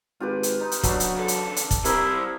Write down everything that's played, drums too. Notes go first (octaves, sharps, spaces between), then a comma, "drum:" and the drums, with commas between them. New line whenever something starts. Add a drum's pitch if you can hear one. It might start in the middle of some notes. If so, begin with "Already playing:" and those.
G#1 F4 G4 B4
drum: hi-hat
D#4
drum: hi-hat
B2 F#3 A3 D4, drum: kick, hi-hat
drum: hi-hat
C#3 A4
drum: hi-hat
drum: hi-hat
drum: kick, hi-hat
C3 G3 A#3 E4 A#4 C5 D#6, drum: hi-hat